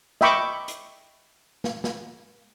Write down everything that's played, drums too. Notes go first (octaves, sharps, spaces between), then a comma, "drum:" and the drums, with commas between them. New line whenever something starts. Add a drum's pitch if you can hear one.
D#5 E5 G5 B5 C#6 D6, drum: snare
drum: hi-hat
drum: snare
drum: snare